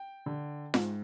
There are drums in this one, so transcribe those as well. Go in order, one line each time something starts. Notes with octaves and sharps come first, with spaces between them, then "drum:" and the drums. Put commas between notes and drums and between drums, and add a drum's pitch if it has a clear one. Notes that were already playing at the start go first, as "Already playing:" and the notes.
Already playing: G5
D3
G#2, drum: snare F4